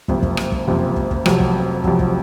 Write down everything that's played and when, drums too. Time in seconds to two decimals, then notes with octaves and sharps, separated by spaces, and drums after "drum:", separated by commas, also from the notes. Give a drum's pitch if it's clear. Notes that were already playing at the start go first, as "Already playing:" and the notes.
0.08 F#1 F2 C3, drum: kick
0.23 drum: kick
0.37 drum: rim click
0.52 drum: kick
0.67 F#1 F2 C3
0.96 drum: kick
1.11 drum: kick
1.26 F1 F2 C3 F#3, drum: rim click
1.40 drum: kick
1.84 F1 F2 C3 F#3, drum: kick
1.99 drum: kick